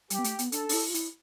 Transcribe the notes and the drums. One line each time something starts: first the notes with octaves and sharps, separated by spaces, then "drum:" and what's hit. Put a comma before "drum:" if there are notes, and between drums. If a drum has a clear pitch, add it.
G3 G4, drum: hi-hat
B3
A3, drum: hi-hat
B3, drum: hi-hat
D4 A4, drum: hi-hat
D4, drum: open hi-hat
E4
F4
E4, drum: hi-hat